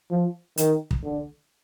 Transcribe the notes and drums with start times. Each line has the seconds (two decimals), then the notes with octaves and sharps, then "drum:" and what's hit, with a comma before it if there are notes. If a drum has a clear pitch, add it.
0.11 F3
0.57 D#3, drum: hi-hat
0.91 drum: kick
1.04 D3